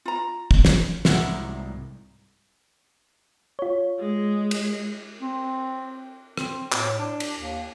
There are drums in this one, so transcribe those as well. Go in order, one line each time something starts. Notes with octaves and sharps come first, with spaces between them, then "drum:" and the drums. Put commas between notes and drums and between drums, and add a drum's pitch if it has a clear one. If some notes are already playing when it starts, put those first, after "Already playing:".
F4 A#5
drum: kick
drum: snare
C2 G#2 E4 F#5, drum: snare
F4 C#5
G#3
drum: cymbal
C4
C4, drum: rim click
A2, drum: clap
D4
drum: cymbal
D#2